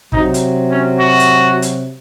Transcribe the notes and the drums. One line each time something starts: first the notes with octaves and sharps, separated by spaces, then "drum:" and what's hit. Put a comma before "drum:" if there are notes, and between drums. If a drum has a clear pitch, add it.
C3 F#3 D#4, drum: kick
drum: hi-hat
C#4
F#4
drum: hi-hat
drum: hi-hat